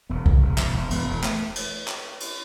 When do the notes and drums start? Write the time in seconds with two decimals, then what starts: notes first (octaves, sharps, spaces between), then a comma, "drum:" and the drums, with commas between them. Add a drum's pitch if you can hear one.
0.09 E1 B3
0.26 C#3, drum: kick
0.42 E1
0.58 E1, drum: clap
0.74 E1
0.91 E1 B3, drum: cymbal
1.07 E1
1.24 A3, drum: clap
1.55 drum: cymbal
1.88 drum: clap
2.20 drum: cymbal